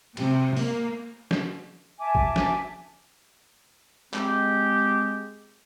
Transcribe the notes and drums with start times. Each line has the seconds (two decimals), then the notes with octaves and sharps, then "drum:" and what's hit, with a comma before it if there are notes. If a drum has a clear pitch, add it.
0.17 C3, drum: cymbal
0.57 A#3, drum: open hi-hat
1.31 drum: snare
2.00 E5 G#5 A5 D6
2.15 drum: kick
2.36 drum: snare
4.14 G#3 C4 G4, drum: clap